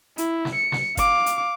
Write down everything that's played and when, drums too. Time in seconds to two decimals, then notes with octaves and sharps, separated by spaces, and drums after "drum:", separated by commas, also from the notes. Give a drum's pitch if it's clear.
0.18 E4, drum: hi-hat
0.45 drum: snare
0.55 C#7
0.72 drum: snare
0.97 F5 D6, drum: kick G1, hi-hat
1.26 drum: hi-hat